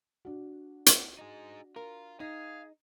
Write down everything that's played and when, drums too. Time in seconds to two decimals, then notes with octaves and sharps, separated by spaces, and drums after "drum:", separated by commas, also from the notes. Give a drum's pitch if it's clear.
0.25 D4 F#4
0.86 drum: hi-hat
1.19 D#4 G#4
1.76 F4 A#4
2.20 D#4 G#4 F5